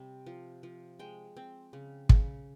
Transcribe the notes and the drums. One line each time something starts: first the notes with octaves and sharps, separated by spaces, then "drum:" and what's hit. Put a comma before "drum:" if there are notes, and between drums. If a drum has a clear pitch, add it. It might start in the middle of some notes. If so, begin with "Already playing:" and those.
Already playing: C3 G3 C4
F3
F3
G#3 G5
C4
C#3
C#3, drum: kick